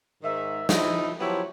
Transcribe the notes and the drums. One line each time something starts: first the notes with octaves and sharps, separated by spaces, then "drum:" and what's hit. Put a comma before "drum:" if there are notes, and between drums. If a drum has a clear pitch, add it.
G#2 D#3 E5
F3 D#4 E4, drum: snare
F3 F#3 B3 E4 G4 C#5